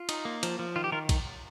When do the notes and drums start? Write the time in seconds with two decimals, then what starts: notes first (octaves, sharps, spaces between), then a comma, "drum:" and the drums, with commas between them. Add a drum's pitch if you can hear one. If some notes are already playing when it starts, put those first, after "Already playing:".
Already playing: F4
0.09 D#4, drum: cymbal
0.25 A#3
0.43 F3, drum: cymbal
0.59 F3
0.76 D#3 F4
0.84 G4
0.92 D#3 F4 A#4
1.09 drum: kick A#1, cymbal